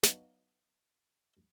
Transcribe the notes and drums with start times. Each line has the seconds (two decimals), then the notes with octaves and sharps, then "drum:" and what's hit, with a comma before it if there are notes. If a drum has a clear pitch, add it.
0.03 F#3 B3 D4 D#4 F4, drum: snare